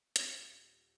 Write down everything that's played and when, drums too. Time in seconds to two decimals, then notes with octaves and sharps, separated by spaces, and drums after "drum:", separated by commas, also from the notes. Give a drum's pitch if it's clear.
0.16 D#1 A#6, drum: hi-hat